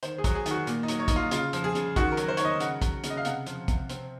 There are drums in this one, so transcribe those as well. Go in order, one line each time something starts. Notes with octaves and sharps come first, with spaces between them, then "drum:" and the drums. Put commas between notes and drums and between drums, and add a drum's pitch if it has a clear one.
D#3 C5, drum: hi-hat
G#4
F#3, drum: kick, hi-hat
G#4
D#3, drum: hi-hat
F#4
A#2, drum: hi-hat
D#4
F#3, drum: hi-hat
C#5
A#2 D#4, drum: kick, hi-hat
F4
C#3 F4, drum: hi-hat
F3, drum: hi-hat
G#4
C#3, drum: hi-hat
D#3 F#4, drum: kick, hi-hat
A#4
F#3, drum: hi-hat
C5
D#3 C#5, drum: hi-hat
D#5
C#3 F#5, drum: hi-hat
F#3, drum: kick, hi-hat
C#3, drum: hi-hat
D#5
F5
C3 F#5, drum: hi-hat
F3, drum: hi-hat
C3, drum: kick, hi-hat
C4, drum: hi-hat